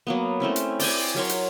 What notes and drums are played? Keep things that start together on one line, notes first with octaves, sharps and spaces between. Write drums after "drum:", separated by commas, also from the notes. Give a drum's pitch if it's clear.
F#3 A#3 B3
A3 C4 C#4 E4
drum: hi-hat
D5 G5 G#5, drum: open hi-hat
F#3 A#4 C#5 C6
drum: hi-hat